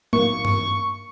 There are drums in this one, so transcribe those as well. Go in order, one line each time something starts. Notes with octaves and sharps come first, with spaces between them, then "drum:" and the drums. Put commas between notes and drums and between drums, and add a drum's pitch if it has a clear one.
A#3 C#6, drum: tom
drum: tom